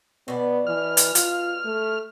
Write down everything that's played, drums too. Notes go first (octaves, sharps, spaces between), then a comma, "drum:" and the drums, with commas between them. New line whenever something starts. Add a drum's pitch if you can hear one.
B2 B3 D5
E3 F6
drum: hi-hat
F4, drum: hi-hat
A3